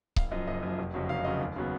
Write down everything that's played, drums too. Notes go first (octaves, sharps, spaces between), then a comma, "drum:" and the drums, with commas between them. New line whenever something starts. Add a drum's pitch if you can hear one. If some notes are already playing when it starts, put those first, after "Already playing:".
F#1 F5, drum: kick C#1
F#2 F3 D#5
F#1 D#5
F#2
F3
F1
F2 C#3 F#3
F1 F5
F2 C#3 F#3 D#5
D#2
C#3 F#3 B3